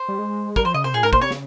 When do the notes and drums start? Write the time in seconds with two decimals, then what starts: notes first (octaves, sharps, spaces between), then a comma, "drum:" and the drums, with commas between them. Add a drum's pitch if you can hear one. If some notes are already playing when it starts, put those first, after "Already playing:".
Already playing: C5
0.09 G3
0.19 G#3
0.56 G3 A#4, drum: kick
0.65 F3 C5
0.74 C#3 D#5
0.84 C3 C5
0.94 A#2 G#4
1.03 G#2 A#4
1.13 A#2 C5, drum: kick
1.22 C3 C#5
1.31 C#3, drum: snare